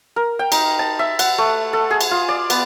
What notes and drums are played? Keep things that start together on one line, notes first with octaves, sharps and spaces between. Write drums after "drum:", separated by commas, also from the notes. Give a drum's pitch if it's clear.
A#4
G5
D#4, drum: cymbal
A5
E5
F#5, drum: cymbal
A3
A4
G#4
drum: cymbal
F4
D5
B3, drum: cymbal